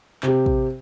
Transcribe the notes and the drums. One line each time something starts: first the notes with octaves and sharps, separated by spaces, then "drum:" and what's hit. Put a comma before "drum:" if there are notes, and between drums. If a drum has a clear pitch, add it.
C3 G4, drum: clap
drum: kick